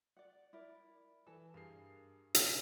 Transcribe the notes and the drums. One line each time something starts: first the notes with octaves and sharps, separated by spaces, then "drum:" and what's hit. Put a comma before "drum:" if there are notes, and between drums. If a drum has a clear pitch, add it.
D5 F#5
E4 A#4 D5
E3 A4
G2 G#4 A#4 C7
B2 D3 G#3, drum: hi-hat